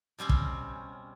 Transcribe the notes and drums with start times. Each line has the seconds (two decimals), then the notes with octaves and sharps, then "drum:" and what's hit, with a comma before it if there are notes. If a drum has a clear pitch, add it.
0.19 B2 G3 C4 C#4
0.29 drum: kick